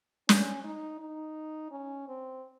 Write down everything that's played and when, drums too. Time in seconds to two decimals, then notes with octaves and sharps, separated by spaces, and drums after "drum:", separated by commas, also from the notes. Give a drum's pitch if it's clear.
0.29 C#4, drum: snare
0.64 D#4
1.00 D#4
1.71 C#4
2.08 C4